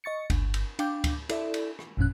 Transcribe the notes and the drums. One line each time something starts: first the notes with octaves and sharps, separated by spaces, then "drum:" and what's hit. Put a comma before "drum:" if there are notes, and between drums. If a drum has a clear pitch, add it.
D#5 C#6 A6 C#7
G1, drum: kick D2, cymbal
drum: cymbal
D4 F5 G5 D6 G6, drum: cymbal
drum: kick D2, cymbal
E4 A4 D5 E5, drum: cymbal
drum: cymbal
drum: rim click
G1 F2 A#2 C#4 F#6